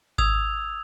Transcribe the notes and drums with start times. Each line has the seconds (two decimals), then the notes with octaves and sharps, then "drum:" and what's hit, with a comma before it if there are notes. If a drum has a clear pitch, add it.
0.18 D#6 E6 G#6 F7, drum: kick G#1